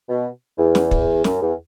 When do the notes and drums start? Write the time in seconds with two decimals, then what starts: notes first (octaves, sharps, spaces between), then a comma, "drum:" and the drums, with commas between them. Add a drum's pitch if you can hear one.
0.09 B2
0.58 E2
0.75 drum: snare
0.91 drum: kick
1.24 F#2, drum: snare
1.41 E2